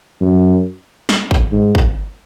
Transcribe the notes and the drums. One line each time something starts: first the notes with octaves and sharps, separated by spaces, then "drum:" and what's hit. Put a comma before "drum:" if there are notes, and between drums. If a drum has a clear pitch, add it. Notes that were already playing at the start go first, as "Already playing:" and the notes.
F#2
drum: snare
drum: kick
G#2
drum: kick